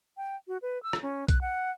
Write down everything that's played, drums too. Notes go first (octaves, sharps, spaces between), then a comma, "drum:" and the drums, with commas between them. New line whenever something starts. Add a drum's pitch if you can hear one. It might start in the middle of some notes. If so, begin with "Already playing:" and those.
G5
F#4
B4
E6
drum: rim click
C#4
F#6, drum: kick, hi-hat
F#5